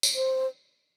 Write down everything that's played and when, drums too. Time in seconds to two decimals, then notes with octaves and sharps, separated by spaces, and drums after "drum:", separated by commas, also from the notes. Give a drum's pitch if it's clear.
0.03 drum: tambourine
0.15 C5